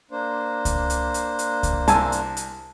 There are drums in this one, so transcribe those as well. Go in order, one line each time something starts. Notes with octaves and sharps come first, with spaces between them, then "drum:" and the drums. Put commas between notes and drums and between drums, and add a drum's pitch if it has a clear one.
A#3 D4 C5
drum: kick C#2, hi-hat
drum: hi-hat
drum: hi-hat
drum: hi-hat
drum: kick C#2, hi-hat
C2 G#5 A5 E6, drum: hi-hat
drum: hi-hat
drum: hi-hat